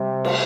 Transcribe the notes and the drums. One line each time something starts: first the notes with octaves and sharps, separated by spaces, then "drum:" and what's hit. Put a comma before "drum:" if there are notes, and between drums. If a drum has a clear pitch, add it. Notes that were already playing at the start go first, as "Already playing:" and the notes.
Already playing: C3 G3
A2, drum: cymbal